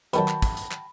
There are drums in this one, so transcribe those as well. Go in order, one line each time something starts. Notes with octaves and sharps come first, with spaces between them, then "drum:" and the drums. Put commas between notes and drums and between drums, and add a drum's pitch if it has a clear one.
B2 D#3 F#3 F#4 G5 A5 B5, drum: hi-hat
drum: clap
drum: kick, hi-hat
drum: hi-hat
drum: clap